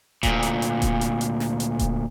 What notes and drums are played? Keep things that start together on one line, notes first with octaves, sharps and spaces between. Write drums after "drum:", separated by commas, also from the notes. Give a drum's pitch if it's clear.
D2 A#2, drum: kick D#1, hi-hat
drum: hi-hat
drum: hi-hat
drum: kick D#1, hi-hat
drum: hi-hat
drum: hi-hat
drum: snare
drum: hi-hat
drum: kick D#1, hi-hat